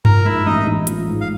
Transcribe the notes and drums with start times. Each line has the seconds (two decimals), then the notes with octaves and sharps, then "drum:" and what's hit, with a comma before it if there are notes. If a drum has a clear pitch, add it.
0.05 F3 A#4 A#5, drum: tom G2
0.25 G#2 E4 E5
0.46 A1 D#4 D#5
0.66 A1
0.87 F3, drum: hi-hat
1.07 G#2
1.21 F5